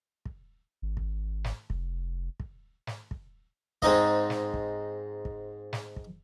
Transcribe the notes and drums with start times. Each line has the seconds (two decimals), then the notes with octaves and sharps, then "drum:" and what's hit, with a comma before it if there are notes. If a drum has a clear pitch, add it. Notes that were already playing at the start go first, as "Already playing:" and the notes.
0.25 drum: kick
0.82 G#1
0.97 drum: kick
1.44 drum: snare
1.70 F1, drum: kick
2.40 drum: kick
2.87 drum: snare
3.11 drum: kick
3.82 G#2 C4 D#4 D#5, drum: kick
4.30 drum: snare
4.54 drum: kick
5.25 drum: kick
5.73 drum: snare
5.96 drum: kick